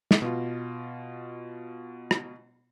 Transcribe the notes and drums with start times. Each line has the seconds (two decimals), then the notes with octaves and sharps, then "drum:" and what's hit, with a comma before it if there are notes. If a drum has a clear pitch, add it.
0.11 drum: snare
0.22 B2 F4
2.11 drum: rim click